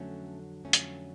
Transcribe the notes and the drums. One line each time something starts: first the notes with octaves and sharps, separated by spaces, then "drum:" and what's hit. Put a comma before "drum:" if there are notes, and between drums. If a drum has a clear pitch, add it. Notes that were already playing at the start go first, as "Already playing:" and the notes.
Already playing: F2 D3 F#3 A3 C#4
F2 D3 F#3 A3 C#4
drum: hi-hat